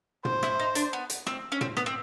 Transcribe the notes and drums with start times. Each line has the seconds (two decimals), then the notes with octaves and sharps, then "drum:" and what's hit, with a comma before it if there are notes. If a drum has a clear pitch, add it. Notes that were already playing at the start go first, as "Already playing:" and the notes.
0.25 C5, drum: tom
0.43 E4, drum: rim click
0.59 D#4
0.75 D4, drum: hi-hat
0.93 B3
1.10 drum: hi-hat
1.27 C4, drum: rim click
1.52 C#4
1.61 C4, drum: tom
1.77 B3, drum: rim click
1.86 C4